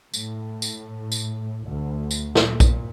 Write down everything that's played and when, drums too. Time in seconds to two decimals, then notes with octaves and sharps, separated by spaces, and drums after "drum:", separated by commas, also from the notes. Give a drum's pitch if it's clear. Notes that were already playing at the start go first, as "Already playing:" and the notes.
0.14 A2, drum: tambourine
0.62 drum: tambourine
1.12 drum: tambourine
1.65 D2
2.11 drum: tambourine
2.35 A#2, drum: snare
2.60 drum: kick A#1, tambourine